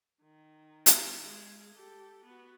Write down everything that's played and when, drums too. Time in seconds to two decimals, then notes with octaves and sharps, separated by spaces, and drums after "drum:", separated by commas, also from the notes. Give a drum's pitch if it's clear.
0.22 D#3
0.86 drum: hi-hat
1.24 G#3 G#4
1.75 G4 A4
2.25 B3 F#4